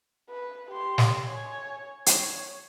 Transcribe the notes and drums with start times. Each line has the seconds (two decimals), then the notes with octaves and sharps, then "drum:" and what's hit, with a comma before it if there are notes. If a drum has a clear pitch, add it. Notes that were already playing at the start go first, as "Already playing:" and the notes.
0.30 B4
0.71 G4 C6
0.98 drum: snare
1.25 C#5 G#5
2.06 C#5, drum: hi-hat